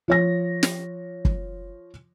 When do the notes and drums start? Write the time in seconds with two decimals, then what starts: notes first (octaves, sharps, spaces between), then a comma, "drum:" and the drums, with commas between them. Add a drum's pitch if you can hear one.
0.08 F3 C#5 A#6
0.63 drum: snare
1.25 drum: kick